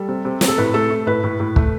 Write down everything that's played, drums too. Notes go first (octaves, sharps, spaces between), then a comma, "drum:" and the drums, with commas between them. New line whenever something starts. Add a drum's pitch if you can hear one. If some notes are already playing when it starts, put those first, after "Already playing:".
Already playing: G3 A4
C3
C3
C3, drum: snare
A4
A2 B4
A3 A4
A3
A2 B4
A2
A2
A3, drum: kick